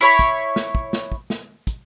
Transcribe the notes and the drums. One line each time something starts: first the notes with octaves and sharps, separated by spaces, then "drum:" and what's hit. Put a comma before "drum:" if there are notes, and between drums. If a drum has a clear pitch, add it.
E4 C#5 B5
drum: kick, hi-hat
drum: snare
drum: kick
drum: snare
drum: kick
drum: snare
drum: kick, hi-hat